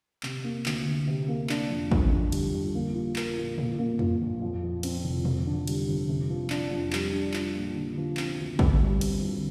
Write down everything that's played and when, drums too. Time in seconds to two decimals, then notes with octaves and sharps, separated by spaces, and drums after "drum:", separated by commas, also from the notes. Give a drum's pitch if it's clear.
0.23 C3, drum: clap
0.44 A#3
0.66 D2, drum: clap
0.87 D2
1.07 C3
1.28 A#3
1.50 D4, drum: clap
1.70 F2
1.91 F2, drum: kick
2.12 D3
2.32 G3, drum: cymbal
2.54 G1
2.75 A#3
2.95 F4
3.16 A#4, drum: clap
3.37 A#2
3.58 A#2, drum: tom A#2
3.79 A#3
3.99 F4, drum: tom F2
4.20 A#1
4.42 F2
4.63 F3
4.83 C4, drum: cymbal
5.04 F1
5.25 F2, drum: tom A#2
5.47 D3
5.67 G3, drum: cymbal
5.87 G1
6.09 C3
6.29 F3
6.50 D4, drum: clap
6.71 F2
6.93 G3, drum: clap
7.13 D4
7.34 F4, drum: clap
7.55 A#2
7.75 D3
7.97 F3
8.17 C4, drum: clap
8.39 D2
8.59 G2, drum: kick
8.80 G3
9.01 C4, drum: cymbal
9.22 G1